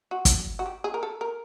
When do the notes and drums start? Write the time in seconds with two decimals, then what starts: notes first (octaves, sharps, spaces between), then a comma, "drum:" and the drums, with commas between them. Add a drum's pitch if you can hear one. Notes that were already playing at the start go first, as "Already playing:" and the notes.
0.11 F#4
0.25 drum: kick, hi-hat
0.59 F#4
0.66 G4
0.84 G#4
0.94 A#4
1.03 A4
1.21 A#4